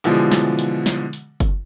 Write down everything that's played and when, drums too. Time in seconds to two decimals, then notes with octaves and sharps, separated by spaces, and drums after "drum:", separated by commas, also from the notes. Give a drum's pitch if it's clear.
0.04 B2 D3 E3 F3 G#3, drum: hi-hat
0.31 drum: snare
0.59 drum: hi-hat
0.86 drum: snare
1.13 drum: hi-hat
1.40 drum: kick F#1, hi-hat